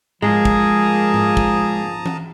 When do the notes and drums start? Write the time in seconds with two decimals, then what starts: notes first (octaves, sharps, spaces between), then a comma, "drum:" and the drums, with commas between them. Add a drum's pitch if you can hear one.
0.22 F3 G#3 A#3 G#4 A5 A#5 D#6, drum: tom G#2
0.45 drum: kick
1.14 drum: tom G#2
1.37 drum: kick
2.06 drum: tom E3